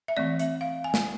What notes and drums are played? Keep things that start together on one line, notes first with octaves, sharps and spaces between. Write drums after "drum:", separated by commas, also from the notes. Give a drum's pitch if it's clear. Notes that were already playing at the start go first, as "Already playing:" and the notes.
E5
E3 A3 C4 D5
E5, drum: hi-hat
F5
G#5
drum: snare